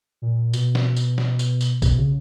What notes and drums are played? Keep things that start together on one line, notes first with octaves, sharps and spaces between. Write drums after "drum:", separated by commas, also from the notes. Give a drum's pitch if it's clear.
A#2
B2, drum: tambourine
drum: snare
drum: tambourine
drum: snare
drum: tambourine
drum: tambourine
B2, drum: kick A#1, tambourine
C#3